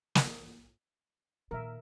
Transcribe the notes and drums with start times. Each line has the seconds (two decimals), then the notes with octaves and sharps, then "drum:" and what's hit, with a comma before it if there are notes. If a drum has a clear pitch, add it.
0.15 drum: snare
1.51 A#2 D#3 A#4 E5